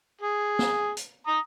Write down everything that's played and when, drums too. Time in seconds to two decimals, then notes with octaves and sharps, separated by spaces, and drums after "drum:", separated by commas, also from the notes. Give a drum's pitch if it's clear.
0.21 G#4
0.59 drum: snare
0.97 drum: hi-hat
1.27 A#5 D#6